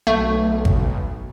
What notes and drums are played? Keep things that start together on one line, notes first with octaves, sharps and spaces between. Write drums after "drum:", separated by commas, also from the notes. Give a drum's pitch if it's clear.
B1 A3
drum: kick G#1